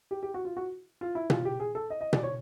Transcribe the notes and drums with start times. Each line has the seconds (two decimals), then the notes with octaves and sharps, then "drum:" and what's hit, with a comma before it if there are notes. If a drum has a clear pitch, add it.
0.11 G4
0.23 G4
0.34 F#4
0.45 F4
0.57 F#4
1.01 F4
1.15 E4
1.30 F4, drum: tom B2
1.45 G4
1.60 G#4
1.75 A4
1.90 D#5
2.01 D#5
2.13 D5, drum: tom B2
2.23 C#5